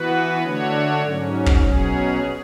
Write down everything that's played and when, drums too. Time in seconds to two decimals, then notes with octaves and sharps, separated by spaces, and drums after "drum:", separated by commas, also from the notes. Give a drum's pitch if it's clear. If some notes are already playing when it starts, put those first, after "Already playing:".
Already playing: E3 B3 F#4 B4
0.43 D3 A3 D4 F#4 C#5
1.02 G#2 F#3 C#4
1.46 drum: kick
1.60 B2 F#3 C#4 G#4